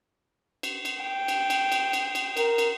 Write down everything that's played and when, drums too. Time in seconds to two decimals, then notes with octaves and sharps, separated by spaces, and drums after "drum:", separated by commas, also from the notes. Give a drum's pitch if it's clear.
0.63 drum: cymbal
0.85 drum: cymbal
1.02 G5
1.28 drum: cymbal
1.50 drum: cymbal
1.72 drum: cymbal
1.93 drum: cymbal
2.15 drum: cymbal
2.37 A#4, drum: cymbal
2.58 drum: cymbal